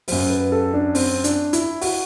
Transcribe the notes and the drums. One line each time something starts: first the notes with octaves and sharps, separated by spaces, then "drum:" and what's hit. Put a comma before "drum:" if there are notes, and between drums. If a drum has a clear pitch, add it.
F#2 F#3 C5, drum: open hi-hat
B4
A4
D4
C4, drum: open hi-hat
D4, drum: hi-hat
E4, drum: hi-hat
F#4, drum: open hi-hat